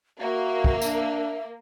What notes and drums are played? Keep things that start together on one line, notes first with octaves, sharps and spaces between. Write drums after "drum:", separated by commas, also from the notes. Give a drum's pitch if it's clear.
A#3 F#4 E5
drum: kick
D4, drum: tambourine